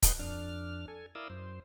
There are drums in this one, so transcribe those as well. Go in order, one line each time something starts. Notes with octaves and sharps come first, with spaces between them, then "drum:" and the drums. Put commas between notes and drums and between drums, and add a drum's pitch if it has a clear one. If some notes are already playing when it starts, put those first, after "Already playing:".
B4 D#5 F#5 C6 G6, drum: kick C#1, hi-hat
F2 D4 F6
A4 G#5
E4 A#4 D5 F5 D#6 E6
F#2 C5